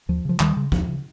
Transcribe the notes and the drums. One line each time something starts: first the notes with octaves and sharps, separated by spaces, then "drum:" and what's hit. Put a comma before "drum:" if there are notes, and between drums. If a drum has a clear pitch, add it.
D#2 F3
C#3 F3
D#2 D#3 G3, drum: clap
C#3
D#2 F3, drum: kick
C#3